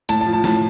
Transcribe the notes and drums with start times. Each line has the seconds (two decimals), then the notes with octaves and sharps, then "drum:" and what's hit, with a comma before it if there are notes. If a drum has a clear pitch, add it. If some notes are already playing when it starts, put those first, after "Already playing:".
0.09 A2 A5, drum: hi-hat
0.21 A5
0.27 F3
0.33 A5
0.44 A2 A5, drum: snare